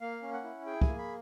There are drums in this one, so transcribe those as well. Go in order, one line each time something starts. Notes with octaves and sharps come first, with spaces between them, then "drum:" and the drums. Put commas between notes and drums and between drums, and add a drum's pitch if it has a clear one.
A#3 F5
C#4
F#5
E4
G#4 G5
G#5, drum: kick
A#3
B5